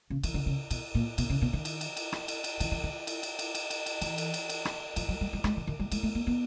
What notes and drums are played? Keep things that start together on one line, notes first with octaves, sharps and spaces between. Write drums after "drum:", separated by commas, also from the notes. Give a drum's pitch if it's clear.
C#3
D#3, drum: cymbal
D3
C#3
B2, drum: cymbal
A#2
B2, drum: cymbal
C#3
B2
D#3
drum: cymbal
drum: cymbal
drum: cymbal
drum: rim click
drum: cymbal
drum: cymbal
D#3, drum: cymbal
E3
D#3
drum: cymbal
drum: cymbal
drum: cymbal
drum: cymbal
drum: cymbal
drum: cymbal
E3, drum: cymbal
drum: cymbal
drum: cymbal
drum: cymbal
drum: rim click
F3, drum: cymbal
F#3
G3
G3
G#3, drum: rim click
E3
D#3
G3
G#3, drum: cymbal
A3
A#3
B3